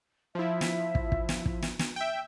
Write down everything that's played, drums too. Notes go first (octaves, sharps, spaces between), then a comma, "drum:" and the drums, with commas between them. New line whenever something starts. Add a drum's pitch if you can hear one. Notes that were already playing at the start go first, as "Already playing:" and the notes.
F3 E4 E5
drum: snare
drum: kick
drum: kick
drum: snare
drum: kick
drum: snare
drum: snare
E5 G5